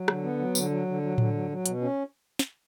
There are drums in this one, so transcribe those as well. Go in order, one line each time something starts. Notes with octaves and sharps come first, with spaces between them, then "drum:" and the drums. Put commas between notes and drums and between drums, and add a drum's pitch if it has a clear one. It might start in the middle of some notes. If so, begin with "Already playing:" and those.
Already playing: F#3
D3, drum: rim click
B3
F#3
D3, drum: tambourine
F#3
D3
F#3
D3, drum: tom A2
F#3
F#3
B2, drum: hi-hat
C#4
drum: snare